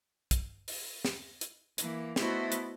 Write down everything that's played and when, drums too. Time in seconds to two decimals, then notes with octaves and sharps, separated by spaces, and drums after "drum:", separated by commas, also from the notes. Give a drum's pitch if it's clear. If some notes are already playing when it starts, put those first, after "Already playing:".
0.31 drum: kick, hi-hat
0.68 drum: open hi-hat
1.05 drum: snare
1.41 drum: hi-hat
1.78 E3 A#3, drum: hi-hat
2.16 A3 B3 E4 F#4 C5 D#5, drum: snare
2.52 drum: hi-hat